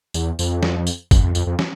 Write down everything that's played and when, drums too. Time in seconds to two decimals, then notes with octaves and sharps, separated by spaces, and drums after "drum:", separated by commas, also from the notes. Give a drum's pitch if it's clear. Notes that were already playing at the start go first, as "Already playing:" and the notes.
0.14 E2, drum: tambourine
0.39 F2, drum: tambourine
0.63 drum: snare
0.87 drum: tambourine
1.11 F#2, drum: kick, tambourine
1.23 F2
1.35 F2, drum: tambourine
1.47 F2
1.59 drum: snare